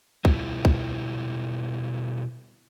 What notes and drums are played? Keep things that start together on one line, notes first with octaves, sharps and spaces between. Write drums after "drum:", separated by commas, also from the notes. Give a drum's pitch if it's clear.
B2 G3 E4 F4, drum: kick
drum: kick